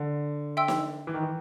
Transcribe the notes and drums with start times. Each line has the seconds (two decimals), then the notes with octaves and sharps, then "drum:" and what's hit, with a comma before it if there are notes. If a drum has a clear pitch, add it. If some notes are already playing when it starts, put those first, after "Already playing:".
Already playing: D3
0.57 E5 G5 C6 E6
0.68 drum: snare
1.07 E3
1.14 D#3
1.23 E3